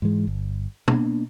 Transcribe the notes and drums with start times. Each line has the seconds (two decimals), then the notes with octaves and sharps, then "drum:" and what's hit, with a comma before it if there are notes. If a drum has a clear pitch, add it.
0.02 G#2 E3 G#3
0.27 G1
0.88 A#3 B3 D4, drum: tom